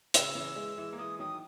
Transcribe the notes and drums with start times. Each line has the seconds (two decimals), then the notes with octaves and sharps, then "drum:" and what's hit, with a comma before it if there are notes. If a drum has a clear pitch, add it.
0.14 C#3 E6, drum: hi-hat
0.35 C#3 E3
0.56 E3 G#3
0.78 E3 G#3
0.93 A#3
0.98 E3 G#3 D#6
1.19 D#3 F#3 D#6